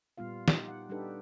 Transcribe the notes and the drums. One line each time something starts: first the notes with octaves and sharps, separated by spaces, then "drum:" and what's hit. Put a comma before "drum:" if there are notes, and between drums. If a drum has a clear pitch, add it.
A#2 G3 B3 F4 F5
D#4 G4, drum: snare
F#5
G3 D4 D#4 G4 A4 B4